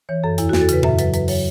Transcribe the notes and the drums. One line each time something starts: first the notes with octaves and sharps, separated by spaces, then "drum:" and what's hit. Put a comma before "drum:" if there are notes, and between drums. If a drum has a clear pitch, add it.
E3 C#5
F#2 A4
E2 E4, drum: hi-hat
F#4
E2, drum: snare
A4
C#3 B4, drum: hi-hat
F#2 E5, drum: tom A#2
F#3 B4, drum: hi-hat
F#2 B4, drum: hi-hat
F#3 C#5, drum: open hi-hat